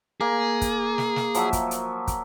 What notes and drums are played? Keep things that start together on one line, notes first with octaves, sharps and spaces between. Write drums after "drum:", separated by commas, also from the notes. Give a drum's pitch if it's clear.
A#3 G#4
drum: kick, hi-hat
drum: snare
drum: snare
F3 F#3 E5, drum: hi-hat
drum: kick, hi-hat
drum: hi-hat
drum: kick, hi-hat